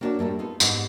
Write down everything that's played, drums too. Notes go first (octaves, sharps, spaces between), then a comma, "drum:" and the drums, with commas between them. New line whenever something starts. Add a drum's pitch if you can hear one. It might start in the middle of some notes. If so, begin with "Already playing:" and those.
A#3 B3 D4 F#4 C#5 D5
A2 G3 A3 A#3
B3 D#4 F4 A4
G#2 G3 B3 D#5 F#5, drum: tambourine